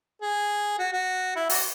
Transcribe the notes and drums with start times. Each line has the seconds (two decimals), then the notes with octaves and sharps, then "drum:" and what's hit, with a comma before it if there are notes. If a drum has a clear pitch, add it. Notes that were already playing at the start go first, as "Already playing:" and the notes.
0.22 G#4
0.79 F#4
0.93 F#4
1.36 E4
1.50 F#4, drum: open hi-hat